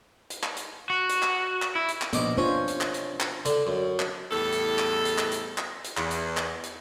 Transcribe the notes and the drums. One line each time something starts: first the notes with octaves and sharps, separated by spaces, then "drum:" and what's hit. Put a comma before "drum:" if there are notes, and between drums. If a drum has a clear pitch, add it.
drum: hi-hat
drum: clap
drum: hi-hat
F#4
drum: hi-hat
drum: clap
drum: clap
E4
drum: hi-hat
drum: clap
A#1 B3 D#5 D6, drum: hi-hat
C#4 D4 F4 C5
drum: hi-hat
drum: clap
drum: hi-hat
drum: clap
D3, drum: hi-hat
F#2
drum: clap
E2 A2 G3 A4
drum: hi-hat
drum: clap
drum: hi-hat
drum: clap
drum: hi-hat
drum: clap
drum: hi-hat
E2, drum: clap
drum: hi-hat
drum: clap
drum: hi-hat